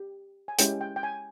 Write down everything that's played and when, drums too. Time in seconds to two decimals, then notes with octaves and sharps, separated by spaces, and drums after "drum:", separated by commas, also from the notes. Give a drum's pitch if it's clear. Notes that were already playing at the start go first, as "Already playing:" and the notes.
Already playing: G4
0.48 G#5
0.59 G#3 C#4 E4 G4 G5, drum: hi-hat
0.81 G5
0.96 G5
1.03 G#5